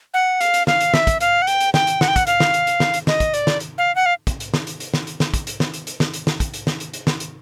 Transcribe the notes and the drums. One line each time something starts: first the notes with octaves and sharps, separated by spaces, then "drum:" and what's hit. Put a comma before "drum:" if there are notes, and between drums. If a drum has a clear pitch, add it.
F#5
F5, drum: hi-hat
drum: hi-hat
F5, drum: snare
drum: hi-hat
E5, drum: snare
drum: kick, hi-hat
F5, drum: hi-hat
F#5
G5, drum: hi-hat
drum: hi-hat
G5, drum: snare
drum: hi-hat
F#5, drum: snare
G5
F#5, drum: kick, hi-hat
F5, drum: hi-hat
drum: snare
drum: hi-hat
drum: hi-hat
drum: snare
drum: hi-hat
D#5, drum: snare
drum: kick, hi-hat
D5, drum: hi-hat
drum: snare
drum: hi-hat
F5
F#5
F5
drum: kick, hi-hat
drum: hi-hat
drum: snare
drum: hi-hat
drum: hi-hat
drum: snare
drum: hi-hat
drum: snare
drum: kick, hi-hat
drum: hi-hat
drum: snare
drum: hi-hat
drum: hi-hat
drum: snare
drum: hi-hat
drum: snare
drum: kick, hi-hat
drum: hi-hat
drum: snare
drum: hi-hat
drum: hi-hat
drum: snare
drum: hi-hat